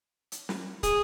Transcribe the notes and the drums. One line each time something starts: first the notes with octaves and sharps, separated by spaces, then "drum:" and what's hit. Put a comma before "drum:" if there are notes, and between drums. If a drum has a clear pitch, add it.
drum: hi-hat
drum: snare
G#4, drum: kick, hi-hat